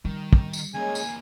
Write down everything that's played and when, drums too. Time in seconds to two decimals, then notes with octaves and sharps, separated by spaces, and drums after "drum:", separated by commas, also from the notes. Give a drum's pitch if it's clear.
0.05 D#3 G3
0.33 drum: kick
0.53 drum: tambourine
0.74 E2 G#3 A#3 C#4 G#4 G#5
0.95 drum: tambourine